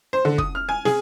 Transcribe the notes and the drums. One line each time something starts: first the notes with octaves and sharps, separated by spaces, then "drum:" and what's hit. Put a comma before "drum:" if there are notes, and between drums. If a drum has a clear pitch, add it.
C5
D3
D#6, drum: kick
F6
G#5
G#4, drum: snare